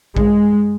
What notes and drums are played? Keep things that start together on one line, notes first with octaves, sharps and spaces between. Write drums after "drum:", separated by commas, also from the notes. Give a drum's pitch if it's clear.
G#3, drum: kick A#1